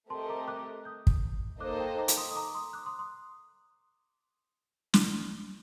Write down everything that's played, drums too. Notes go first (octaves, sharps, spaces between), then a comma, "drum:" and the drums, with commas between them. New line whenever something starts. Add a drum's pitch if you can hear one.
A3 C4 G4 A#4 D#5 A5 C6
A#5 D6
D6 F#6
D#6 G6
drum: kick
A#3 D#4 A4 C5 D#5 D6 F#6
G5 A#5
A#5 D6
drum: hi-hat
C6 D#6
D#6
A#5 D6
C6 D#6
D6 F#6
C6 D#6
C6 D#6
drum: snare